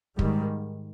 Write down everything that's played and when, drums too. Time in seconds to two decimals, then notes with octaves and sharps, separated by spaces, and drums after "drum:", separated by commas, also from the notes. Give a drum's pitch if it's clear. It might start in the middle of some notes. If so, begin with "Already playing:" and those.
0.19 G#2 D#3 G3, drum: kick